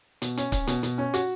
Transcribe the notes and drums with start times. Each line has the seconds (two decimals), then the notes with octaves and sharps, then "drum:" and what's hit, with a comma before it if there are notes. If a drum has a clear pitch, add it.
0.22 B2, drum: hi-hat
0.37 C#4, drum: hi-hat
0.52 C#4, drum: kick C#1, hi-hat
0.67 B2, drum: hi-hat
0.83 B2, drum: hi-hat
0.98 C#4
1.14 F#4, drum: hi-hat